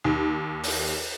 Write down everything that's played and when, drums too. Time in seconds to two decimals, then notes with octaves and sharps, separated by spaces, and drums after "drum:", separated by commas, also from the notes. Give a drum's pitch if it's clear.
0.04 D#2
0.64 drum: open hi-hat